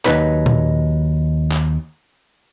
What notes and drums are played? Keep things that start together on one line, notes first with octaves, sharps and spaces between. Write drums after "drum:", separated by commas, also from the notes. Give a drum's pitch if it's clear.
D#2 A#2 F#3 D#4 B4, drum: clap
drum: tom A#2
drum: clap